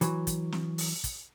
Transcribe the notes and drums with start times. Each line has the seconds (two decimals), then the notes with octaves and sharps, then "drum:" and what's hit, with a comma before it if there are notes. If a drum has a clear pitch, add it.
0.01 E3 F#3, drum: hi-hat
0.27 drum: kick, hi-hat
0.52 drum: snare
0.78 drum: open hi-hat
1.04 drum: kick, hi-hat